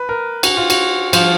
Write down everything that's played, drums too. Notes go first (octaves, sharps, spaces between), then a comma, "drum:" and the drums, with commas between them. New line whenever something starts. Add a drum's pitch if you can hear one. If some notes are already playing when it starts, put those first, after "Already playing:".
Already playing: B4
A#4
F#4, drum: cymbal
F4
F#4, drum: cymbal
F3 F4, drum: cymbal